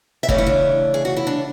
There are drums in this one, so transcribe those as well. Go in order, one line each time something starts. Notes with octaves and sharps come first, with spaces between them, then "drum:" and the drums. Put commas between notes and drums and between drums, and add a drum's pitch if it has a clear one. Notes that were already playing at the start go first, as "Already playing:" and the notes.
E5
C#3 E3 A3 C#4 D5, drum: kick F1
E4
D4
G#4
F#4
E4
D4